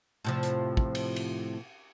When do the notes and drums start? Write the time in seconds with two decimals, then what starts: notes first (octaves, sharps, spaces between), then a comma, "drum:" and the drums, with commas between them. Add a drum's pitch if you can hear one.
0.25 A2 C3 F3
0.43 drum: hi-hat
0.77 drum: kick
0.95 drum: cymbal
1.16 drum: cymbal